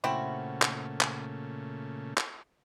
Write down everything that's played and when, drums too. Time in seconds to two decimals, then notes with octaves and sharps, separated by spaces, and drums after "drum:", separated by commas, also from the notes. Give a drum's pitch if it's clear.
0.04 A#2 C#3 A3 C4 E4 F#4
0.62 drum: clap
1.01 drum: clap
2.18 drum: clap